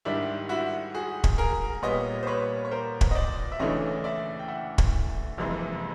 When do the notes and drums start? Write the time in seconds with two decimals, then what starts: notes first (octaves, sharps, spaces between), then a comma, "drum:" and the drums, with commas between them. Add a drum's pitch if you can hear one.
0.05 G#2 D#3 G3 D4 E4
0.49 E4 F#4
0.94 F#4 G#4
1.24 drum: kick
1.38 G#4 A#4
1.82 A#2 G3 B3 C#5 D#5
2.23 C5
2.27 B4 C#5
2.65 C#5
2.71 A#4 C5
3.01 drum: kick
3.11 D#5
3.15 C5 D5
3.52 E5
3.59 D2 C#3 E3 A3 D4 C#5 D#5
4.04 D5 E5
4.39 G5
4.48 E5 F#5
4.78 drum: kick
5.37 F#1 F2 C3 E3 G#3